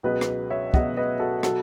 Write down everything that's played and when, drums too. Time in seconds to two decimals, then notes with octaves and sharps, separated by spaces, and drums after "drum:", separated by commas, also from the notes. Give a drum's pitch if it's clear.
0.03 C#2 B2 F#3 B3 B4 D#5
0.21 drum: rim click
0.50 C#5 E5
0.74 C#2 B2 F#3 B3 D#5 F#5, drum: kick
0.97 B4 D#5
1.20 F#4 A4
1.43 B2 F#3 F#4 A4, drum: rim click